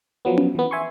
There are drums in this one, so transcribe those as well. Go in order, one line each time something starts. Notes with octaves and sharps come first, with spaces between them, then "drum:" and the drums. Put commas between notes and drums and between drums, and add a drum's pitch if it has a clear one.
F3 F#3 B3
drum: tom C#4
E3 B3
E5 G#5 C6 C#6